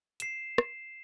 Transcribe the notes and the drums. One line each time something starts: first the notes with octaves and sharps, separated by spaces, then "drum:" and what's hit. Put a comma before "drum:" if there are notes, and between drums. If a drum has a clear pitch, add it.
C7 E7, drum: hi-hat
drum: rim click